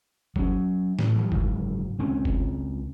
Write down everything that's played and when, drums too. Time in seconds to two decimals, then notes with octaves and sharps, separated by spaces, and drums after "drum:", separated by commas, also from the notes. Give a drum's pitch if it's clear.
0.36 F#3 C#4, drum: kick F#1
0.99 A2, drum: snare
1.16 E3 F3 G3 G#3
1.32 F#1 G#2, drum: kick F#1
1.99 C#2 C4 C#4
2.25 drum: kick F#1